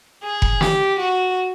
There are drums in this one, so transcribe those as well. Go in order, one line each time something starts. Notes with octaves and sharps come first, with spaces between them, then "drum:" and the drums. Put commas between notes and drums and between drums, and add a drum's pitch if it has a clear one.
G#4
drum: kick F1
G4, drum: snare
F#4